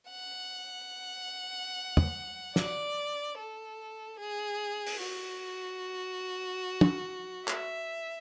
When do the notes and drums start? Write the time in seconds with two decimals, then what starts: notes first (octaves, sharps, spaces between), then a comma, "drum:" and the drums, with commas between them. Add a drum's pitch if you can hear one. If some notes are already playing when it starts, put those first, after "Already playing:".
0.11 F#5
1.97 drum: tom
2.56 D5, drum: snare
3.39 A4
4.20 G#4
4.87 drum: open hi-hat
5.02 F#4
6.81 drum: tom
7.48 E5, drum: clap